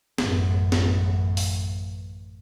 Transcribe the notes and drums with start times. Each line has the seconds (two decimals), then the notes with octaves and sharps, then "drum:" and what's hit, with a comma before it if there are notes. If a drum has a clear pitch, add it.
0.18 A1 F#2, drum: snare
0.72 drum: snare
1.37 drum: open hi-hat